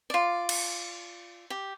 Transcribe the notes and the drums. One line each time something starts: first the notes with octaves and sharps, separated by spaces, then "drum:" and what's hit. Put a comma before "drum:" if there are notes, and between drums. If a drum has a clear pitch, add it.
F4 D5
drum: cymbal
G4